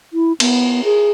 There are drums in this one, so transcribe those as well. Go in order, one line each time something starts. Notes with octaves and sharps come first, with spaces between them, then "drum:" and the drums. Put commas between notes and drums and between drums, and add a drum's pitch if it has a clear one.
E4
B3, drum: cymbal
G#4